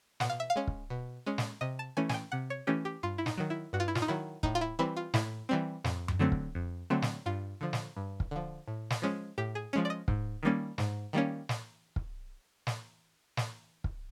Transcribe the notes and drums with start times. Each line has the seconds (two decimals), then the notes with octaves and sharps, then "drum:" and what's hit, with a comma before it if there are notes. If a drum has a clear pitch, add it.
0.20 B2 F#5, drum: snare
0.30 F5
0.40 E5
0.50 F5
0.56 G#3 C#4
0.67 drum: kick
0.90 B2
1.26 G#3 C#4
1.38 drum: snare
1.61 C3 D#5
1.79 A5
1.97 E3 A3 C#4 G#5
2.09 G#5, drum: snare
2.14 G5
2.32 C3 F#5
2.50 C#5
2.67 E3 A3 C#4 G4
2.85 G4
3.03 G2 F4
3.18 E4
3.26 D#4, drum: snare
3.38 D#3 F#3
3.50 E4
3.73 G2 F#4
3.80 F4
3.88 E4
3.95 F4, drum: snare
4.02 D#4
4.08 D#3 F#3 E4
4.43 A2 D#4, drum: kick
4.55 F4
4.61 E4
4.79 E3 G3 C4 E4
4.97 F4
5.14 A2 E4, drum: snare
5.49 E3 G3 C4
5.84 F2, drum: snare
6.08 drum: tom F#2
6.19 D3 F#3 A3 C4
6.32 drum: kick
6.55 F2
6.90 D3 F#3 A3 C4
7.02 drum: snare
7.26 G2 F4
7.61 D3 F3
7.73 drum: snare
7.96 G2
8.20 drum: kick
8.31 D3 F3
8.68 A2
8.90 drum: snare
9.02 F3 G#3 C#4
9.38 A2 G4
9.55 G#4
9.73 F3 G#3 C#4
9.85 D5
9.90 D#5
10.08 G#2, drum: kick
10.43 D#3 G3 A#3 C#4
10.78 G#2, drum: snare
11.13 D#3 G3 A#3 C#4
11.49 drum: snare
11.96 drum: kick
12.67 drum: snare
13.37 drum: snare
13.84 drum: kick